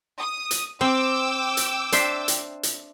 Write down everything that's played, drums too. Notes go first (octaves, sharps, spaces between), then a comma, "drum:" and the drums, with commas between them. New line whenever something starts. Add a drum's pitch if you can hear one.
D#6
drum: hi-hat
C4 G5 D6 E6
drum: hi-hat
D4 C5 E5, drum: hi-hat
drum: hi-hat
drum: hi-hat